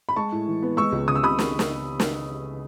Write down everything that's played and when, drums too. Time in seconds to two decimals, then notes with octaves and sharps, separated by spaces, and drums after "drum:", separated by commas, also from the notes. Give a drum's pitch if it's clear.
0.09 B5
0.16 G#3 A5 C#6
0.32 A2
0.48 E3
0.62 B3
0.77 G#3 C#6 E6
0.92 C#2
1.08 C#3 D#6
1.16 E6
1.23 C#2 B5 D#6
1.39 drum: snare
1.59 drum: snare
2.00 drum: snare